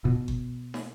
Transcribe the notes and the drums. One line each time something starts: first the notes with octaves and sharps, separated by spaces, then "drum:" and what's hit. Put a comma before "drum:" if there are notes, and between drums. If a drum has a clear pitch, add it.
B2
drum: kick G1
drum: snare